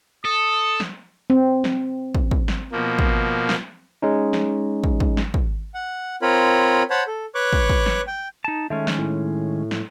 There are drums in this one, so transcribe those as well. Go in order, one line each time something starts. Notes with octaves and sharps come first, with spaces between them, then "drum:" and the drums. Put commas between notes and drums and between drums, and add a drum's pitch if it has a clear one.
A4 D#6
drum: snare
C4
drum: snare
drum: kick
drum: kick
drum: snare
B2 F3 A#3
drum: kick
drum: snare
G#3 C#4 D#4
drum: snare
drum: kick
drum: kick
drum: snare
drum: kick
F#5
C4 F4 A#4 C#5 B5
C5 C#5 F#5 A5 B5
A4
B4 C#5 C#6 D6 F#6
drum: kick
drum: kick
drum: snare
G5
D#4 A5
D#3 G#3 A3 C#4
drum: snare
A2
drum: snare